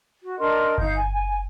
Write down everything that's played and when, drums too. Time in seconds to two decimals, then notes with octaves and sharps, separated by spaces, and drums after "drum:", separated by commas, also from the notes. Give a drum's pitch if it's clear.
0.22 F#4
0.38 D4 A#4 D#5 C6
0.78 D#4 F5 G6, drum: kick G1
0.96 G#5
1.13 G#5